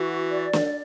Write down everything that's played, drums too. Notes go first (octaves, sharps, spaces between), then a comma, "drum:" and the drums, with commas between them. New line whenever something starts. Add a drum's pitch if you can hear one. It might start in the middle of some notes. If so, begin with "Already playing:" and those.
Already playing: E3 F#4
D5
drum: snare